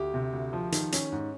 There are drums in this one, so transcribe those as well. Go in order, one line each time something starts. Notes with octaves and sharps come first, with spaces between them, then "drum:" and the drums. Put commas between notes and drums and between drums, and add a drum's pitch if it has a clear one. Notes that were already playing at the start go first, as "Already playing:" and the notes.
Already playing: D2 G4
C3
D2
F3
D#3, drum: hi-hat
C#4, drum: hi-hat
G#2